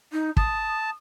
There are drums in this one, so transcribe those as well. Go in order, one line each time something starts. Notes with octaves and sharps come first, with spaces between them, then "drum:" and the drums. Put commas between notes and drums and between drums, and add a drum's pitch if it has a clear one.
D#4
A5 D#6, drum: kick